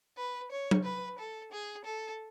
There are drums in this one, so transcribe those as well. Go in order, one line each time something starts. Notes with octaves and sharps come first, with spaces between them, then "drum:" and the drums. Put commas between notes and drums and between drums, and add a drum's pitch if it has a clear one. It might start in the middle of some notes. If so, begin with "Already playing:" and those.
B4
C#5
drum: tom F#3
B4
A4
G#4
A4